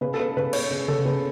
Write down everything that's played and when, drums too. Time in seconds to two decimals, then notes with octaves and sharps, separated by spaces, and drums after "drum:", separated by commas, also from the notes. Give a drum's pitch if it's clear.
0.01 C#3 B4
0.14 A4
0.20 B4
0.37 C#3 B4
0.53 C#5, drum: cymbal
0.71 C#3
0.88 A4, drum: tom C3
1.05 C#3 B4